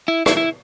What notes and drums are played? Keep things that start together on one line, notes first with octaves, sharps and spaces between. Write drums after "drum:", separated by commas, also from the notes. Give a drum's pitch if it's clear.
E4
E4, drum: rim click
E4